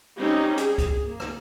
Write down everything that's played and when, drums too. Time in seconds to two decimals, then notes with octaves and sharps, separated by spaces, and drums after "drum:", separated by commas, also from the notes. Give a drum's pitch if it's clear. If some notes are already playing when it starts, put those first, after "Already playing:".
0.18 G3 C4 C#4 D#4
0.58 G#4, drum: hi-hat
0.78 drum: kick C#2, hi-hat
1.05 A#3
1.20 drum: rim click